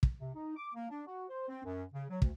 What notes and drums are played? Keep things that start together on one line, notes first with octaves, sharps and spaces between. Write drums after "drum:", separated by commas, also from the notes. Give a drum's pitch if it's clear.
drum: kick
C3
D#4
D6
A#3
D4
F#4
C5
C4
F#2
C#3
F#3
D2, drum: kick